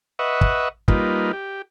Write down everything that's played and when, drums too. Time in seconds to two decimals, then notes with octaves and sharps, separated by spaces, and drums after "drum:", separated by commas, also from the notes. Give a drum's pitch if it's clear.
0.19 B4 D#5 E5 F#5 C#6
0.41 drum: kick
0.88 G3 A#3 D#4 F4 B4, drum: kick
1.33 G4